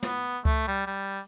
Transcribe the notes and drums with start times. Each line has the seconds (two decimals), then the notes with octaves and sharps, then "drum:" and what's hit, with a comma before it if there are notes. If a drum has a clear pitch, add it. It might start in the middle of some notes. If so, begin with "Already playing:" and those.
0.03 B3, drum: snare
0.45 A3, drum: kick C#2
0.67 G3
0.87 G3